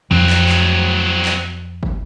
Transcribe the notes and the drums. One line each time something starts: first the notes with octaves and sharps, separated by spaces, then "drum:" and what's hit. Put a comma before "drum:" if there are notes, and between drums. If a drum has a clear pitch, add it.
F2 F3 F#3 C4
drum: clap
drum: clap
drum: clap
drum: kick